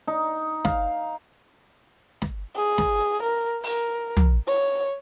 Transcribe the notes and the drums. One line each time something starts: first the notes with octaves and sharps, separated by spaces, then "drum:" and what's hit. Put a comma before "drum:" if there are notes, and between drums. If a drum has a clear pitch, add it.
D#4
F5, drum: snare
drum: snare
G#4
drum: snare
A#4
A#4, drum: open hi-hat
drum: tom
C#5